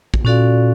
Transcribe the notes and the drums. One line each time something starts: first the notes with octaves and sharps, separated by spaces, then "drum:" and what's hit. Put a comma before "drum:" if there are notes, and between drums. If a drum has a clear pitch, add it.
drum: kick
A#2 C#4 F#4 A4 D5 F5